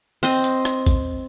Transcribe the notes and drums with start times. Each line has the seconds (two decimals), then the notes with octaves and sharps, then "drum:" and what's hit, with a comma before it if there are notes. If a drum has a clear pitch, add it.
0.23 C4 D#5
0.44 drum: hi-hat
0.65 drum: rim click
0.86 drum: kick A1, hi-hat